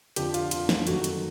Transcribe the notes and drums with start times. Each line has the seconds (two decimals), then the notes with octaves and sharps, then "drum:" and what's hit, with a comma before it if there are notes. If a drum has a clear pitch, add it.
0.16 F2 D3 F3 G4, drum: hi-hat
0.34 F4, drum: hi-hat
0.51 F4, drum: hi-hat
0.69 drum: snare
0.87 F#2 D#3 F#3 A3 F#4, drum: hi-hat
1.04 drum: hi-hat